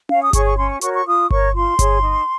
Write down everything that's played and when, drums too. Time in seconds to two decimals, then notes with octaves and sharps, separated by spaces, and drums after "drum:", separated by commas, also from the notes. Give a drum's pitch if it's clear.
0.09 C#4 F5, drum: tom C#4
0.21 D#6
0.33 G#4 C#5 C#6, drum: kick G1, hi-hat
0.46 C#6
0.57 C#4 C6
0.70 C#6
0.81 F#4 A#4 C#5 C#6, drum: hi-hat
0.94 C#6
1.06 F4 D#6
1.31 A#4 C#5 C#6, drum: kick G1
1.54 F4 C6
1.79 G#4 C#5, drum: kick G1, hi-hat
2.03 D#4